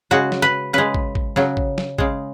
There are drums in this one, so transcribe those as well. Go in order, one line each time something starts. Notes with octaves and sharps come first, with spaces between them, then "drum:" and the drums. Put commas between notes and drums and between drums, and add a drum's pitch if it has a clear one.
C#3 G#3 F#4
drum: snare
B4
C#3 G#3 B4
drum: kick
drum: kick
C#3 F#3, drum: snare
drum: kick
drum: snare
C#3 G#3, drum: kick